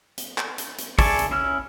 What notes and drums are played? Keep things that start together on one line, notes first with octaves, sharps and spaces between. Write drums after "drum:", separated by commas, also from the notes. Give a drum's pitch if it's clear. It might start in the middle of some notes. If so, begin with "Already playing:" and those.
drum: hi-hat
drum: clap
drum: hi-hat
drum: hi-hat
E4 G#4 D5 A5 C#6, drum: kick, open hi-hat
drum: hi-hat
C#4 E4 E6 F6